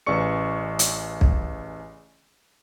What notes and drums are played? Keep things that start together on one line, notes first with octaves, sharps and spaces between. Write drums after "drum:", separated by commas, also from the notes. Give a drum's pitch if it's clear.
A1 C#3 B4 D5 C#6 C#7
drum: hi-hat
drum: kick B1